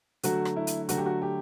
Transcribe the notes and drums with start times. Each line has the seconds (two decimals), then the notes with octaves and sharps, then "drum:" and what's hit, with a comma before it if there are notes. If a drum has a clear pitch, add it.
0.23 D3 F#3 A3 F#4, drum: hi-hat
0.45 drum: rim click
0.56 E4
0.67 drum: hi-hat
0.89 D3 F#3 A3 F#4, drum: hi-hat
0.97 G4
1.06 F#4
1.22 G4